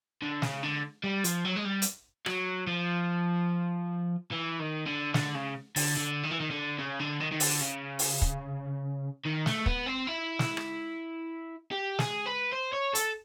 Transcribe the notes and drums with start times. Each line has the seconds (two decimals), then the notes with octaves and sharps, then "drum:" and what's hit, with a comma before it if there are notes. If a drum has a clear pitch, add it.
0.22 D3
0.42 C#3, drum: snare
0.63 D3
1.04 G3
1.24 F3, drum: hi-hat
1.44 F#3
1.56 G#3
1.65 G3
1.82 drum: hi-hat
2.26 F#3, drum: rim click
2.67 F3
4.31 E3
4.59 D#3
4.86 D3
5.14 D3, drum: snare
5.35 C#3
5.76 D3, drum: open hi-hat
5.97 D3
6.24 D#3
6.31 E3
6.40 D#3
6.51 D3
6.78 C#3
6.99 D3
7.20 D#3
7.32 D#3
7.40 D3, drum: open hi-hat
7.61 C#3
7.99 drum: open hi-hat
8.22 drum: kick
9.25 D#3
9.46 A3, drum: snare
9.66 B3, drum: kick
9.86 C4
10.07 E4
10.39 drum: snare
10.57 drum: rim click
11.71 G4
11.99 G#4, drum: snare
12.26 B4
12.53 C5
12.74 C#5
12.95 A4, drum: hi-hat